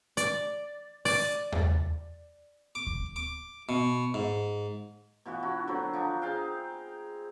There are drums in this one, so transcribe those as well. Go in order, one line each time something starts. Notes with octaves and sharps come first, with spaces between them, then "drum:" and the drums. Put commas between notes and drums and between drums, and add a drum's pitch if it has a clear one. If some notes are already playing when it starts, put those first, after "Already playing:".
D5, drum: hi-hat
D5, drum: open hi-hat
drum: tom E2
D6
drum: kick D#2
D6
B2
G#2
B2 E3 F4 F#4
D4 E4 F#4
D3 F#3 C4 B4
F3 D4 D#4
D#4 G#4 F5 G5